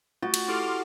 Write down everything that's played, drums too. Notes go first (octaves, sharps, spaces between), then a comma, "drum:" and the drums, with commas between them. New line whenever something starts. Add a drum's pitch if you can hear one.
A3 F4 F#4 A6
drum: cymbal
E4 G4 A4 C6 D6 F6